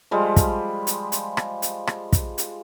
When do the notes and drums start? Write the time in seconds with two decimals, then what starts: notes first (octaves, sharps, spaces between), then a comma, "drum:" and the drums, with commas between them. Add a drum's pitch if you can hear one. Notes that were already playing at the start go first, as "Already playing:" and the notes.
0.11 F3 G3 G#3
0.36 drum: kick, hi-hat
0.87 drum: hi-hat
1.12 drum: hi-hat
1.37 drum: rim click
1.62 drum: hi-hat
1.87 drum: rim click
2.13 drum: kick, hi-hat
2.38 drum: hi-hat